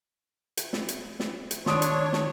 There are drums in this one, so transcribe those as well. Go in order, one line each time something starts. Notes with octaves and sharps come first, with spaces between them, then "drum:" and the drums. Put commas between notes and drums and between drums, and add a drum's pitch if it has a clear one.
drum: hi-hat
drum: snare
drum: hi-hat
drum: snare
drum: hi-hat
D#3 D4 C#5 C6 D#6 D7, drum: snare
drum: hi-hat
drum: snare